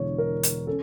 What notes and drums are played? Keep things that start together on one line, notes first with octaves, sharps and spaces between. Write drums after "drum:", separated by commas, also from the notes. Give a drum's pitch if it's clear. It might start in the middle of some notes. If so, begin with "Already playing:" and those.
Already playing: E1 E2 D3 C#5
A#4
drum: hi-hat
C#4 A4